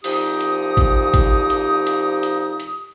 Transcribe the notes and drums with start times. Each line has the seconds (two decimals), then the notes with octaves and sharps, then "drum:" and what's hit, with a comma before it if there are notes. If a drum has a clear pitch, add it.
0.04 C2 F3 D#4 G4 D#6, drum: open hi-hat
0.41 drum: hi-hat
0.77 drum: kick, hi-hat
1.14 drum: kick, hi-hat
1.50 drum: hi-hat
1.87 drum: hi-hat
2.23 drum: hi-hat
2.60 drum: hi-hat